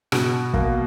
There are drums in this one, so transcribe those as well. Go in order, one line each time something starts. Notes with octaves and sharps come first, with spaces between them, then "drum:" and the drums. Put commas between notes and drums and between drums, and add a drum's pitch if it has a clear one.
B2, drum: rim click
A#3, drum: kick